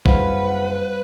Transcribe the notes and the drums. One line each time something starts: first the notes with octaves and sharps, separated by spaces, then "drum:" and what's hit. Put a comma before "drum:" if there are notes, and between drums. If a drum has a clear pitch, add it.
F#1 G3 E4 B4 C5 F5 F#5, drum: kick